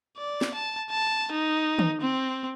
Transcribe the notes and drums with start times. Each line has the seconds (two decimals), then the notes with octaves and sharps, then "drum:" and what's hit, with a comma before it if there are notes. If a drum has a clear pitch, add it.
0.18 D5
0.41 drum: snare
0.54 A5
0.90 A5
1.32 D#4
1.79 drum: tom
2.01 C4